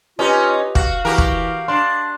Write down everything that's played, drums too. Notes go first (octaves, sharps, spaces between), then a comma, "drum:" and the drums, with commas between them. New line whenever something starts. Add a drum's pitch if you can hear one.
C#4 D#4 F4 G4 B4 D#5
F#4 F5, drum: kick
E3 F#4 G4 A#4
drum: kick
D4 C6 E7